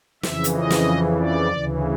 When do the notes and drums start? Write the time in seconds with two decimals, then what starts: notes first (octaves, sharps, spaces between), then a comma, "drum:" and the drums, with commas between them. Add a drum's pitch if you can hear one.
0.23 F2 C#3 E3 E5, drum: snare
0.44 drum: hi-hat
0.55 D#5
0.70 drum: snare
1.19 D5
1.52 D2 C#3 E3